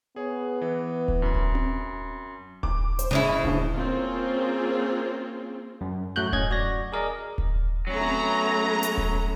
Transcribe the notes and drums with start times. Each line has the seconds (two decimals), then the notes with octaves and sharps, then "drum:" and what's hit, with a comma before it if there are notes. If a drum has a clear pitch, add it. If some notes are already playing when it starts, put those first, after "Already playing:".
0.16 B3 G#4 C#5
0.61 E3
1.08 drum: kick D#1
1.22 F#2 B5
1.35 drum: kick D#1
1.55 drum: tom C4
2.63 D6, drum: kick D#1
2.99 C5, drum: hi-hat
3.11 C#3 C#4 E4
3.44 D2 A2, drum: kick D#1
3.74 A#3 C4 C#4 F4 G#4
5.81 F#2
6.16 A2 F#3 A3 F#4 F#6 G6
6.32 F#2 C#4 D#5 G#6, drum: kick D#1
6.51 F#4 D5 A#6
6.92 G#4 A#4 D5 D#5
7.38 drum: kick D#1
7.87 F#3 A3 B3 C#4 A#5
8.01 drum: tom C4
8.83 drum: hi-hat
8.97 drum: kick D#1